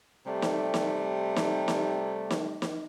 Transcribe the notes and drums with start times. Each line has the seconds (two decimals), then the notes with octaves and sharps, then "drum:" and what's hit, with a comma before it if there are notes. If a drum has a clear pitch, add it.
0.27 C3 G3 A3
0.42 drum: snare
0.74 drum: snare
1.36 drum: snare
1.68 drum: snare
2.31 drum: snare
2.62 drum: snare